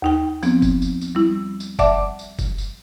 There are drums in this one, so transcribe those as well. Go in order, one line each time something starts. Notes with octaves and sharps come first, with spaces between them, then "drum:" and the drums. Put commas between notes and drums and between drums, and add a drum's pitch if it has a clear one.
D#2 D#4 G5
F3 B3 C4, drum: tambourine
drum: kick F#1, tambourine
drum: tambourine
drum: tambourine
G3 E4
drum: tambourine
D5 E5 F#5 A5 D6, drum: kick F#1, tambourine
drum: tambourine
drum: kick F#1, tambourine
drum: tambourine